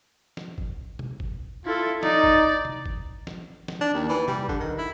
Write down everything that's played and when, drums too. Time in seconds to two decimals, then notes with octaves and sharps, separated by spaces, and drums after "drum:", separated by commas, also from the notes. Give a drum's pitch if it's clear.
0.37 drum: snare
0.58 drum: kick G1
0.99 drum: tom B2
1.20 drum: kick G1
1.65 E4 F4 A4
2.03 D#4 D5, drum: snare
2.23 drum: kick G1
2.65 drum: tom C3
2.86 drum: kick G1
3.27 drum: snare
3.68 drum: snare
3.81 D4
3.94 D#2
4.09 E3
4.28 G3, drum: tom C3
4.49 D3, drum: kick G1
4.60 D#3
4.78 E4